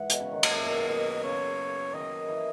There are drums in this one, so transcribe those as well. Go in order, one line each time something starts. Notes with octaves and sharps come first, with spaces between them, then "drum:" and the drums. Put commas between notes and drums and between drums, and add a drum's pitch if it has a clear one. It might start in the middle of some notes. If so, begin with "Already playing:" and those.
Already playing: G#2 E3 F#5
B2, drum: hi-hat
C#3
D#3
A#2, drum: cymbal
F#2 E5
B2
A#2
B2 D#5
C#3 C#5
D#3 D#5
E3